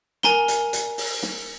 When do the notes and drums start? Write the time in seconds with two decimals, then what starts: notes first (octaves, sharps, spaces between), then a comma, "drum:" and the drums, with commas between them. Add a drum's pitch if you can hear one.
0.23 A#4 G#5 A#5 G7, drum: snare
0.48 drum: hi-hat
0.73 drum: hi-hat
0.98 drum: open hi-hat
1.23 drum: snare